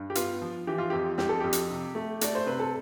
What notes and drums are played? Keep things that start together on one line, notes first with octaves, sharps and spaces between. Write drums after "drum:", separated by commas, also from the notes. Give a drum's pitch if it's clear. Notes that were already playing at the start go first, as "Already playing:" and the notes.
Already playing: G2
G4
B3 F4, drum: hi-hat
F3
E3 G4
F4
F2 G4
F2 G4, drum: snare
A4
F2 G4
drum: hi-hat
C3
A3
A3 D5, drum: hi-hat
C5
C3 B4
A4